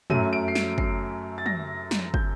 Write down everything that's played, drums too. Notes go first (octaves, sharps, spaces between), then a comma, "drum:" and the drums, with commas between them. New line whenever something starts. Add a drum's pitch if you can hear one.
F#2 F#3 A3 D#7, drum: tom
D7
C7
D7, drum: snare
C7, drum: kick
A6
A#6, drum: tom
drum: snare
G6, drum: kick